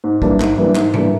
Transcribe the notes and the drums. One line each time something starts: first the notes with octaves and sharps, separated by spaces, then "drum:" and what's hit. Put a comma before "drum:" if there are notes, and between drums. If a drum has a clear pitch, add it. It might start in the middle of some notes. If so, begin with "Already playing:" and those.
G#2
E3 G3 A#3 D4, drum: kick
G#2, drum: clap
E3 G3 A#3 D4
G#2, drum: clap
E3 G3 A#3 D4, drum: tom G#2